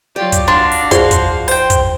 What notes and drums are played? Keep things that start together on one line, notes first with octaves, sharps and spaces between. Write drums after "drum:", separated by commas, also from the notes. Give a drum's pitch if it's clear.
F#3 F4 G4 D5
drum: kick, hi-hat
D4 F#4 F5 C6
drum: open hi-hat
F3 G#4 D5 C6, drum: kick, hi-hat
drum: kick, hi-hat
C5 G5, drum: open hi-hat
drum: kick, hi-hat